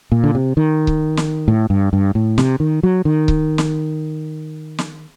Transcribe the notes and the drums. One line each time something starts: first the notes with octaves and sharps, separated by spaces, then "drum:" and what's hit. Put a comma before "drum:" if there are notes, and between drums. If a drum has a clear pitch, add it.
A#2
D3
C3
D#3
drum: kick C#1
drum: snare
A2
G2
G2
A2
C3, drum: snare
D#3
F#3
D#3
drum: kick C#1
drum: snare
drum: snare